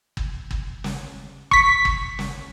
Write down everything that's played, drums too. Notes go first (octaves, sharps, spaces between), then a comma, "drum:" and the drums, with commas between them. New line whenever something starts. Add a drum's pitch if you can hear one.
drum: kick
drum: kick
drum: snare
C#6 B6, drum: kick
drum: kick
drum: snare